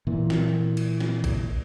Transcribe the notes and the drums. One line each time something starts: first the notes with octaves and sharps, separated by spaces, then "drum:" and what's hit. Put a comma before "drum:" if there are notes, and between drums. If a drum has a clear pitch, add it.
A#2 E3
drum: snare
drum: cymbal
drum: snare
drum: kick, cymbal